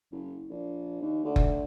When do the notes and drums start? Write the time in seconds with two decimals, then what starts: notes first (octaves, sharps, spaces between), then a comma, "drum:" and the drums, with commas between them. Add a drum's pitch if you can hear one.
0.12 F#1
0.50 A#1
1.02 D#2
1.24 D2
1.36 drum: kick F#1